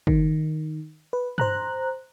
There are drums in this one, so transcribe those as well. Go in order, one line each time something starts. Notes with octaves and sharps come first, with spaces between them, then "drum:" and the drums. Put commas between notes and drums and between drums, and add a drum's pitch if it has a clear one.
D#3, drum: kick
B4
C5 A#5 F#6, drum: tom G2